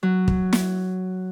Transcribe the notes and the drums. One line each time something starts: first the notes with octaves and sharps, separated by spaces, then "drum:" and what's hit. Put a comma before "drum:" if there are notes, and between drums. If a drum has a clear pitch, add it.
F#3
drum: kick
drum: snare